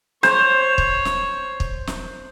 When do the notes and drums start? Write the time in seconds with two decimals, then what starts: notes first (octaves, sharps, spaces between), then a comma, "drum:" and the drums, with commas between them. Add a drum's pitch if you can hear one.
0.23 C5 C#5, drum: snare
0.78 drum: kick
1.05 drum: snare
1.60 drum: kick
1.87 drum: snare